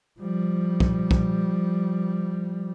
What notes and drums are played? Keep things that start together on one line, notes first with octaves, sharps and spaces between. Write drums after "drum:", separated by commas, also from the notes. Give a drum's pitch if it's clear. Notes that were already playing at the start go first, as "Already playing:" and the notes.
F3 G3
drum: kick
drum: kick